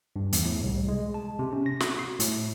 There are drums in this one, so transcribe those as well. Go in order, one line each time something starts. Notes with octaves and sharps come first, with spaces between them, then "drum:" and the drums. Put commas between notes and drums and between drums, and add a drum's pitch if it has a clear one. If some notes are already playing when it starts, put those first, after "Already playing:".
G2
E2, drum: hi-hat
A2
C2
G#3
A5
C3
C#4
A#6
F#4, drum: snare
C7
A2, drum: hi-hat